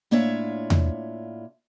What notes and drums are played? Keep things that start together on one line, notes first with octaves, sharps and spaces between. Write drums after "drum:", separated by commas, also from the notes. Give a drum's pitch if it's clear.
A2 A#3 D4 F4 C#5 E5
drum: tom E2